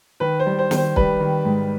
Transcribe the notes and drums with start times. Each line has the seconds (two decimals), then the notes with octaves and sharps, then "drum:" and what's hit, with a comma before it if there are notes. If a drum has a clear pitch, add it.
0.20 D#3 B4
0.40 C5
0.46 G3
0.59 C5
0.71 D#3, drum: snare
0.77 C5
0.96 G3 B4, drum: kick
1.21 D#3
1.45 G#2